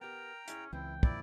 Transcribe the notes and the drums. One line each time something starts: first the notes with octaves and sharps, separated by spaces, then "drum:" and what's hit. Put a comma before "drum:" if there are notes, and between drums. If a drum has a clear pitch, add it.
B3 G4 A#4 G5 A#5
C#4 E4 G#4 E5, drum: hi-hat
C#2 E3 C4 E4 G5
F2 A#2 E4 D5, drum: kick